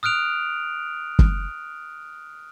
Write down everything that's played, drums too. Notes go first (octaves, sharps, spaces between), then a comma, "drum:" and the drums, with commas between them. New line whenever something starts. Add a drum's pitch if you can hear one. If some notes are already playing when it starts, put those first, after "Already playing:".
D#6 F6 F#6 D7 F7
drum: kick